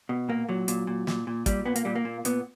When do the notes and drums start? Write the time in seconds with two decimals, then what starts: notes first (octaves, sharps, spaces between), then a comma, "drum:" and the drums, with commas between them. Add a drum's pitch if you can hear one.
0.09 B2
0.29 A#2 A#3
0.49 A#2 F#3
0.68 A#2, drum: hi-hat
0.87 A#2
1.07 A#2, drum: snare
1.27 A#2
1.46 A#2 G3, drum: kick, hi-hat
1.66 A#2 B3
1.76 A#3, drum: hi-hat
1.85 A#2 G3
1.95 A#3
2.05 A#2
2.25 A#2 B3, drum: hi-hat